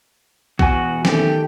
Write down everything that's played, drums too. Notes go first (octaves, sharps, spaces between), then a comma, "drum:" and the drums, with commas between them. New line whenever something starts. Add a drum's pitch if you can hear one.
E2 B2 F#4 G#5, drum: kick
D#3 A3 G4 G5, drum: snare